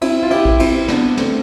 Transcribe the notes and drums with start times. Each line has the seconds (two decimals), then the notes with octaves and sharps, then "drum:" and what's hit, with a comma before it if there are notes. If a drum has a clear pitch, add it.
0.01 C4 E4, drum: cymbal
0.23 F4
0.31 E4 G4, drum: cymbal
0.45 drum: kick A#1
0.60 C4 E4, drum: cymbal
0.88 B3 D4, drum: snare
1.17 A3 C4, drum: snare